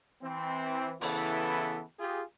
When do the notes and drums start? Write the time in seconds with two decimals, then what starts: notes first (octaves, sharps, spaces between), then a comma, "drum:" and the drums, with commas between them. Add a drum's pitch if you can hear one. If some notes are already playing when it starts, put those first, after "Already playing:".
0.22 E3 C4
1.01 C#3 E3 B3 E4 A4, drum: open hi-hat
1.99 F4 G4 G#4